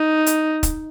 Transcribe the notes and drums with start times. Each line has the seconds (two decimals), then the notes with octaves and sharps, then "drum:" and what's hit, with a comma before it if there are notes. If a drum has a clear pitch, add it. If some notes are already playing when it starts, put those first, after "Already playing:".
Already playing: D#4
0.26 drum: hi-hat
0.63 drum: kick, hi-hat